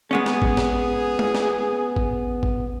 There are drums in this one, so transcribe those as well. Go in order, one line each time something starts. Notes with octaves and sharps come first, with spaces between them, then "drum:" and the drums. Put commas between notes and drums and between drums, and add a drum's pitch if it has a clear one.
G#3 B3 C#4 G#4
drum: snare
drum: kick G#1
drum: snare
drum: tom G#3
drum: snare
drum: kick G#1
drum: kick G#1